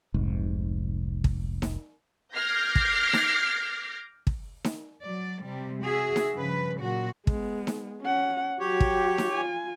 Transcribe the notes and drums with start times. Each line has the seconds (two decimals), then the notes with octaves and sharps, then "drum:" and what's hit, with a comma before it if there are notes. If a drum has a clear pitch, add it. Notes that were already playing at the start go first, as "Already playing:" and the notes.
0.14 F1 C2 G#2
1.24 drum: kick
1.62 drum: snare D#4
2.35 D6 F6 G6 G#6 A#6 C7
2.75 drum: kick
3.13 drum: snare D#4
4.27 drum: kick
4.64 drum: snare D#4
5.02 F#3 D5
5.44 C3 G3
5.83 F#4 G#4 E5
6.16 drum: snare D#4
6.35 G2 C#3 F3 B4
6.80 A#2 F#3 F#4
7.27 G#3 B3, drum: kick
7.67 drum: snare D#4
8.01 C#4 F#5
8.60 F#3 F#4 G4 C#5
8.80 drum: kick
9.18 drum: snare D#4
9.33 F4 G#5